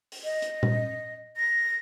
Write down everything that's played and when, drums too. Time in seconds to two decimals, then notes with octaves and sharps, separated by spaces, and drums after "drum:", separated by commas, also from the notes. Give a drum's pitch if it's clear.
0.12 drum: open hi-hat
0.23 D#5
0.42 drum: hi-hat
0.63 drum: tom A#2
1.36 A#6